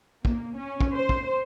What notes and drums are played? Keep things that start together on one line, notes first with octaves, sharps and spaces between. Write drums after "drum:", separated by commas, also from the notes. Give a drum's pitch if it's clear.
A#3, drum: kick
C#4
drum: kick
C5
drum: kick